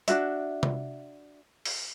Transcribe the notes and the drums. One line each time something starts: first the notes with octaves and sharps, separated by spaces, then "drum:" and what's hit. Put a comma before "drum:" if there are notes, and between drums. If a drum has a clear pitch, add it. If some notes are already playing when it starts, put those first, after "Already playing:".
D4 F4 F#4 E5, drum: hi-hat
drum: tom C3
drum: open hi-hat